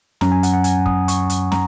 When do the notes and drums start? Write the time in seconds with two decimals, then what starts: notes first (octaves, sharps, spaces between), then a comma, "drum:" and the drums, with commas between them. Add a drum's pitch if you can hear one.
0.21 F#2 F#3 C#4 A#5, drum: snare
0.32 G#5
0.43 F#5, drum: hi-hat
0.53 F#5
0.64 G#5, drum: hi-hat
0.86 D#6, drum: kick
1.08 C#6, drum: hi-hat
1.30 drum: hi-hat
1.52 A#5, drum: snare